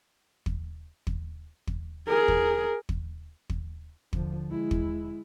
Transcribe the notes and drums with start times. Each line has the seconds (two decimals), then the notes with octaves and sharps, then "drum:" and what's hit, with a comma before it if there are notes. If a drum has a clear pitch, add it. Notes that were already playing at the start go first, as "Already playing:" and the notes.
0.46 drum: kick
1.07 drum: kick
1.67 drum: kick
2.08 G#4 A#4
2.28 drum: kick
2.89 drum: kick
3.50 drum: kick
4.13 D3 F3, drum: kick
4.51 G#3 E4
4.71 drum: kick